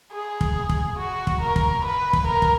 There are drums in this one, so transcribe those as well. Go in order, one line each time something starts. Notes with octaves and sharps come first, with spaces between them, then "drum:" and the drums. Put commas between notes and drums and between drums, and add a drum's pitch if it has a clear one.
G#4
drum: kick
drum: kick
F#4
drum: kick
A#4
drum: kick
B4
drum: kick
A#4
drum: kick